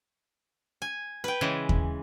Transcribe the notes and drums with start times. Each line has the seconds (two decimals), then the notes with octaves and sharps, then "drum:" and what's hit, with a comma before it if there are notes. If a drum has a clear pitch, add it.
0.82 G#5
1.24 B4 G5
1.41 C#3 E3 G#3
1.69 drum: kick D#2